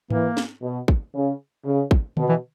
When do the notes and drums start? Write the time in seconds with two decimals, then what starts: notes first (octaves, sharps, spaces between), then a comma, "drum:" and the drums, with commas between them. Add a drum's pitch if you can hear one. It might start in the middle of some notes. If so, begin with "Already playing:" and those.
0.10 E3 A#3, drum: tom G#2
0.37 drum: snare
0.62 B2
0.88 drum: kick
1.14 C#3
1.65 C#3
1.91 drum: kick
2.17 B2, drum: tom D3
2.29 E3